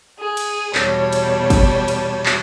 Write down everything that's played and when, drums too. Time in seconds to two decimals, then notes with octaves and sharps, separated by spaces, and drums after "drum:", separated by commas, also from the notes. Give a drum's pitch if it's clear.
0.19 G#4
0.37 drum: cymbal
0.75 E2 B2 G3 C#5 A5, drum: clap
1.13 drum: cymbal
1.50 drum: kick, cymbal
1.88 drum: cymbal
2.26 drum: clap